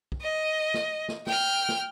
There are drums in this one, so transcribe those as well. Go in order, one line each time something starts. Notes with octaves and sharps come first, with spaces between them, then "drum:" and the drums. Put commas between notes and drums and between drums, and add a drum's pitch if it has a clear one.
drum: kick
D#5
drum: snare
drum: snare
G5 F6, drum: snare
drum: snare